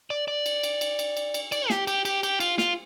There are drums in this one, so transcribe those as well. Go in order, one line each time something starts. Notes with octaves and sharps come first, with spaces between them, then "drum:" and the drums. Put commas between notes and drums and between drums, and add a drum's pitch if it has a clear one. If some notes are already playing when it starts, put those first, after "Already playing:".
D5
D5
drum: cymbal
drum: cymbal
drum: cymbal
drum: cymbal
drum: cymbal
drum: cymbal
D5, drum: cymbal
G4, drum: snare
G4, drum: cymbal
G4, drum: cymbal
G4, drum: cymbal
F4, drum: cymbal
F4, drum: snare